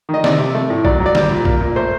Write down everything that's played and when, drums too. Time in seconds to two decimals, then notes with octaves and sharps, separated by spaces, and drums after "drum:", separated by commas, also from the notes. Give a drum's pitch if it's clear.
0.09 D#3
0.14 D#5
0.24 C3 D5, drum: snare
0.39 C3
0.55 A3
0.70 A2
0.85 F#3 D5, drum: kick A#1
1.00 F#3
1.06 D5
1.15 G3, drum: snare
1.31 A#2
1.45 A#3, drum: kick A#1
1.61 A#2
1.76 A3 C5